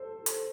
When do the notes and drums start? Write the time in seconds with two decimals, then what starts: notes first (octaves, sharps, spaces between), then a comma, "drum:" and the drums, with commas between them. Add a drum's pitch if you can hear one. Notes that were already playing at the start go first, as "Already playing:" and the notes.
Already playing: A4 C5
0.26 drum: hi-hat